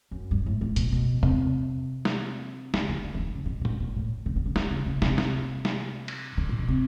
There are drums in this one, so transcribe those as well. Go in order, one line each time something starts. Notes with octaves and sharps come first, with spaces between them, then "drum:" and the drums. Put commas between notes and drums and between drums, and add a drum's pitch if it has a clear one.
F#2
G2
A2
A2
B2, drum: hi-hat
B2
C3, drum: tom E2
drum: snare
C#3, drum: snare
D3
D3
D3
D#3
C#3
A#2
B2
C3
B2, drum: tom
A#2
A2
C#3
D3
C#3
D3, drum: snare
C#3
C#3
C3, drum: snare
drum: snare
drum: snare
drum: cymbal
D3
A#2
B2
C3